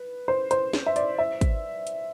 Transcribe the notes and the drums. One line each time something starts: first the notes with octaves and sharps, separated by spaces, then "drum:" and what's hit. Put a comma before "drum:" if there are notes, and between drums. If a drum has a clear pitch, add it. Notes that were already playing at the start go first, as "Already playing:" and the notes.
Already playing: B4
C5
C5, drum: hi-hat
drum: snare
E5
D5, drum: hi-hat
E5
drum: kick, hi-hat
drum: hi-hat